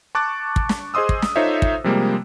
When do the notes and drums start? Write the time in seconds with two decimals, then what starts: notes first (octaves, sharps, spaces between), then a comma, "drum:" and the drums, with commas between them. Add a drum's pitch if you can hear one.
0.15 A5 C#6 D6 F#6 A6
0.56 drum: kick
0.69 drum: snare
0.94 G#4 C5 D#5 C6 D#6 E6
1.09 drum: kick
1.22 drum: snare
1.36 D#4 F4 A4 C5 C#5 E5
1.62 drum: kick
1.84 C3 F3 G3 G#3 A#3